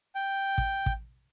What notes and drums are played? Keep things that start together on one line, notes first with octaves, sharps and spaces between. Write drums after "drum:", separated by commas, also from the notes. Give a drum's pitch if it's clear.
G5
drum: kick
drum: kick